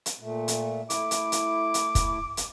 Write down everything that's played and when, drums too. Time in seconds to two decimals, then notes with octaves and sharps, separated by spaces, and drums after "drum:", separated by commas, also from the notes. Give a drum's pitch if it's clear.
0.06 drum: hi-hat
0.20 A#2 A3
0.48 drum: hi-hat
0.90 A3 E4 D6, drum: hi-hat
1.11 drum: hi-hat
1.32 drum: hi-hat
1.74 drum: hi-hat
1.95 drum: kick, hi-hat
2.37 drum: hi-hat